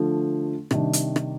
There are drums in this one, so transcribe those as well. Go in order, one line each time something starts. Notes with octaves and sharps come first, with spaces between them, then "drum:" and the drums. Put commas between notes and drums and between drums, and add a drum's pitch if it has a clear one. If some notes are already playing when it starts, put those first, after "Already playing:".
Already playing: D3 F3 A3
C3 D#3 G3 D4, drum: rim click
drum: hi-hat
drum: rim click